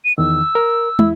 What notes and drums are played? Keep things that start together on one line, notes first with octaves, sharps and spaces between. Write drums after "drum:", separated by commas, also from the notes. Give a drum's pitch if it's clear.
D#7
E2 D#3 E6
A#4
E2 E4, drum: tom